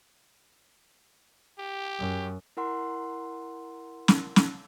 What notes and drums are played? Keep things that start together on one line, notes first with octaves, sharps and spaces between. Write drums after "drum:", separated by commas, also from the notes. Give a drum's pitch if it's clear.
G4
F#2
E4 A#4 F#5 C6
drum: snare
drum: snare